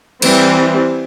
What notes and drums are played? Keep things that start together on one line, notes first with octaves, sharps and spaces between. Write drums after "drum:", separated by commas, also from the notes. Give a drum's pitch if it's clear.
E3 G3 C4, drum: cymbal